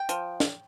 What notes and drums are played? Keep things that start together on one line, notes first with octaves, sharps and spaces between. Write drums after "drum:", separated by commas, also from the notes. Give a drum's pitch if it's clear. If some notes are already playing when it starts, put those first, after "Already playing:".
Already playing: G5
F3, drum: hi-hat
drum: snare